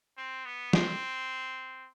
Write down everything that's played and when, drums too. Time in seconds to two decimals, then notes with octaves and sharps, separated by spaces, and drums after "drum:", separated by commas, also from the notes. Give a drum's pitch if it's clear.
0.17 C4
0.45 B3
0.73 C4, drum: snare